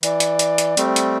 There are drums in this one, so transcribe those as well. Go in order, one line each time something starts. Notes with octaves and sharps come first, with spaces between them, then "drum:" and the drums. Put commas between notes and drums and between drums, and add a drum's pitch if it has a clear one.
E3 D5, drum: hi-hat
drum: hi-hat
drum: hi-hat
drum: hi-hat
G3 A3 C4, drum: hi-hat
drum: hi-hat